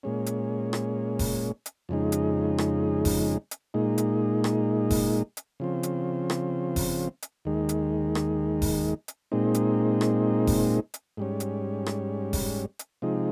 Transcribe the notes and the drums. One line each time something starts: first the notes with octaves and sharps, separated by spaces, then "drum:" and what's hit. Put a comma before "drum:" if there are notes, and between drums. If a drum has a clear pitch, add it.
A#2 G#3 C#4
drum: hi-hat
drum: rim click
drum: kick F1, open hi-hat
drum: hi-hat
F2 C#3 G#3 D#4
drum: hi-hat
drum: rim click
drum: kick F1, open hi-hat
drum: hi-hat
A#2 G#3 D#4
drum: hi-hat
drum: rim click
drum: kick F1, open hi-hat
drum: hi-hat
C#3 F3 C4
drum: hi-hat
drum: rim click
drum: kick F1, open hi-hat
drum: hi-hat
D#2 D#3 G#3
drum: hi-hat
drum: rim click
drum: kick F1, open hi-hat
drum: hi-hat
A#2 G#3 C4 D#4
drum: hi-hat
drum: rim click
drum: kick F1, open hi-hat
drum: hi-hat
G#2 G3 C#4
drum: hi-hat
drum: rim click
drum: kick F1, open hi-hat
drum: hi-hat
C3 F3 G#3 D#4